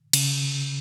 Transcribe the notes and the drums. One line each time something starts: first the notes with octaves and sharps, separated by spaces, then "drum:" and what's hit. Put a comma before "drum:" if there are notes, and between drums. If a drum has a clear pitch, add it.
C#3, drum: cymbal